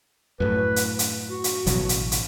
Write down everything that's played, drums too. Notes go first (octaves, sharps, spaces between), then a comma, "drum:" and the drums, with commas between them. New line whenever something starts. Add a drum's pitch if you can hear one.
F#2 A2 B4
drum: hi-hat
drum: hi-hat
F#4
drum: hi-hat
A1 B2 F#3, drum: hi-hat
drum: hi-hat
drum: hi-hat